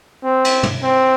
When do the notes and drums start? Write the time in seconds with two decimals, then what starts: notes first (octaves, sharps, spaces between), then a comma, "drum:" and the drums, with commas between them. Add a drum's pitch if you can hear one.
0.24 C4
0.45 drum: cymbal
0.63 drum: tom
0.83 C4